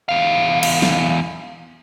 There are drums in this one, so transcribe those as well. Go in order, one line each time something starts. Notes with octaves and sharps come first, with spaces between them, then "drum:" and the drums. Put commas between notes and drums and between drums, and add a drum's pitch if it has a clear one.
E2 F5
drum: cymbal
drum: snare